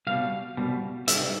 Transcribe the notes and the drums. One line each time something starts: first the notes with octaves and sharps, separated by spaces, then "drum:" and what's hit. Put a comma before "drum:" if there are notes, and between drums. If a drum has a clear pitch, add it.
C2 B2 G3 F5
C2 B2 G3
C2 B2 G3 E5, drum: hi-hat